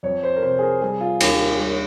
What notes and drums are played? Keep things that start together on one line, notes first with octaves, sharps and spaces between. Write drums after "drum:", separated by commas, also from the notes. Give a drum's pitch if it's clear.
F2 C#5
C5
A#4
C3 C5
G#4
A#4
G3 G#4
F4
D#2 G4, drum: cymbal
A#4
G3